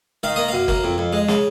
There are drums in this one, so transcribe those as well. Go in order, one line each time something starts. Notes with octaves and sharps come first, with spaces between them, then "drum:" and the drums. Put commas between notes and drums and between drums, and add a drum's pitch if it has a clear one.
D#3 F5
A#3 D#5
F#2 F5
A#3, drum: kick
F2
F2
G#3
C#3, drum: snare